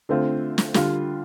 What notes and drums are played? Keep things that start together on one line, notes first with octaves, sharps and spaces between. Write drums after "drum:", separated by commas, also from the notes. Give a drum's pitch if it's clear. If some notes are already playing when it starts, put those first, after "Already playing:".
D3 A3 C4 F4
drum: snare
D3 G3 F4, drum: snare